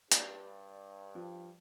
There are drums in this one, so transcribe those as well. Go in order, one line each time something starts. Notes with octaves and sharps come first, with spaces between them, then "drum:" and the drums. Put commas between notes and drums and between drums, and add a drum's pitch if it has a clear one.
G2 D5, drum: hi-hat
F3